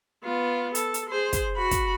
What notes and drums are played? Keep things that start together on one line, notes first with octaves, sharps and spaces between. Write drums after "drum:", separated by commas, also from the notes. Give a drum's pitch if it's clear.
B3 F4
A4, drum: hi-hat
drum: hi-hat
G#4 C5
drum: kick, hi-hat
F#4 B5
drum: kick, hi-hat